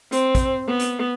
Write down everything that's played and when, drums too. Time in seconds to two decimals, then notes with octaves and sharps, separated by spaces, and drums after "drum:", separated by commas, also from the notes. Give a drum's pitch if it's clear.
0.12 C4, drum: hi-hat
0.35 drum: kick, hi-hat
0.68 B3
0.80 drum: hi-hat